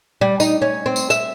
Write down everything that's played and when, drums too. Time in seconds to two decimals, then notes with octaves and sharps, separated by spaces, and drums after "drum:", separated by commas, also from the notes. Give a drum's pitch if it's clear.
0.21 G3
0.40 D#4, drum: tambourine
0.62 C#4
0.86 C4
0.96 drum: tambourine
1.10 E5, drum: tambourine